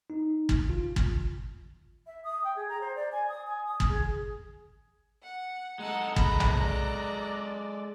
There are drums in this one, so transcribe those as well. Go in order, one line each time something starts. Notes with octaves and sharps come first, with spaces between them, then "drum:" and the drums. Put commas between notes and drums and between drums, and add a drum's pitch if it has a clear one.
D#4
drum: kick
F4
drum: kick
E5
D#6
G5
G#4
A#5
C5
D5
G#5
D#6
G#5
D#6
drum: kick
G#4
F#5
G#3 D#4 A4 F#5
A#5 B5 F#6, drum: kick
drum: tom B1
D5